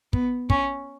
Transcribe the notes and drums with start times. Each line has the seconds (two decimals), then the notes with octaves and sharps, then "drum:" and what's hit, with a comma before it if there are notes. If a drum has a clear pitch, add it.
0.13 B3, drum: kick
0.50 C#4, drum: kick